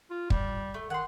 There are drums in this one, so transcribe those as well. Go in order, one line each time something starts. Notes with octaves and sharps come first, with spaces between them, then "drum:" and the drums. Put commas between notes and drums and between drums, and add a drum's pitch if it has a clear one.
F4
G3, drum: kick
A3
D#3 F#5 C6